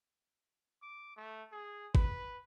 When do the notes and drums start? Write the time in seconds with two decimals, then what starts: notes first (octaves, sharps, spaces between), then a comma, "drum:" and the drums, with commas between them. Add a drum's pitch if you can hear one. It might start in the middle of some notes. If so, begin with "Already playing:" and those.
0.82 D6
1.17 A3
1.52 G#4
1.95 B4, drum: kick